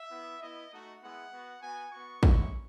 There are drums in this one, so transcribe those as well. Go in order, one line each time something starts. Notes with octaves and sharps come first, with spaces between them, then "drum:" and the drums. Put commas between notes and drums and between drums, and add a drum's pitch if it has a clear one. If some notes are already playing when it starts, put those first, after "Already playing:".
Already playing: E5
B3 E4
B3 E4 D#5
A3 D#4 F#4
G#3 B3 E4 F#5
B3 F#4
B3 F#4 G#5
B3 F#4 C#6
G#3 C#4 E4, drum: kick